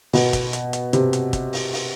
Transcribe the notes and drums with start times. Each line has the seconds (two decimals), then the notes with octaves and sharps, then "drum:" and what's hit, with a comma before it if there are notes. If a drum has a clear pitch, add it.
0.13 B2, drum: open hi-hat
0.33 drum: kick, hi-hat
0.53 drum: hi-hat
0.73 drum: hi-hat
0.93 C3, drum: hi-hat
1.13 drum: hi-hat
1.33 drum: kick, hi-hat
1.53 drum: open hi-hat
1.73 drum: open hi-hat